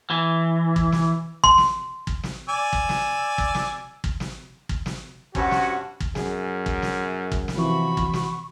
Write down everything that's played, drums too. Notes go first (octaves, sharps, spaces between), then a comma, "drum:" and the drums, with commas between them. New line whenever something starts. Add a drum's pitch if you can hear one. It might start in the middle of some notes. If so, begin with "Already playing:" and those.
E3
drum: kick
drum: snare
C6, drum: kick
drum: snare
drum: kick
drum: snare
D5 G#5 E6
drum: kick
drum: snare
drum: kick
drum: snare
drum: kick
drum: snare
drum: kick
drum: snare
G2 C4 C#4 F#4, drum: kick
drum: snare
drum: kick
F#2 G#4, drum: snare
drum: kick
drum: snare
drum: kick
drum: snare
C3 E3 F3 F#4 B5 C#6
drum: kick
drum: snare